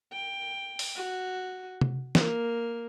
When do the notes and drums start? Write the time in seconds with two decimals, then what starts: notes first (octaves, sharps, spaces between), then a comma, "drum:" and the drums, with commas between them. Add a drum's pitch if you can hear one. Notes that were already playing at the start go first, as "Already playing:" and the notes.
0.12 G5
0.79 drum: open hi-hat
0.95 F#4
1.81 drum: tom C3
2.15 A#3, drum: snare